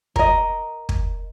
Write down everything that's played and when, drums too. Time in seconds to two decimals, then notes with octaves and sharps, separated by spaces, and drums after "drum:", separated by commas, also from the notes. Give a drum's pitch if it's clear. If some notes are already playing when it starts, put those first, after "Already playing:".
0.16 A#4 D#5, drum: kick
0.89 drum: kick